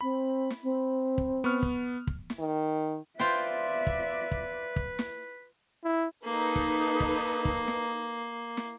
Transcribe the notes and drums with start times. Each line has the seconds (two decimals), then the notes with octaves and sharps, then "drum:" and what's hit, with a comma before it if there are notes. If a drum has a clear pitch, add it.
0.01 C4 B5
0.50 drum: snare
0.63 C4
1.18 drum: kick
1.44 B3 C#6 F6
1.63 drum: kick
2.07 drum: kick
2.30 drum: snare
2.39 D#3
3.19 F4 B4 C5 D5 E5 G5, drum: snare
3.87 drum: kick
4.31 drum: kick
4.76 drum: kick
4.99 drum: snare
5.84 E4
6.25 A#3 D#4 A4 B4
6.56 drum: kick
7.00 drum: kick
7.45 drum: kick
7.68 drum: snare
8.57 drum: snare